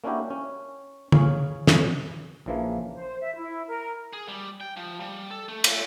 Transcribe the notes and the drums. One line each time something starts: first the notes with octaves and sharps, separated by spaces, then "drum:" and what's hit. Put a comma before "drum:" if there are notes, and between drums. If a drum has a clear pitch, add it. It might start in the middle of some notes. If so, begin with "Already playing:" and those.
A#3 C#4 D4 E4 F#4 G4
C#4
C#4 G#4 C#5 F5, drum: tom
drum: snare
A#1 C#3 E3 F3 A#3
C5
E5
E4
A#4
G#4
G3
G5
F3
G3
A4
A3
A3, drum: cymbal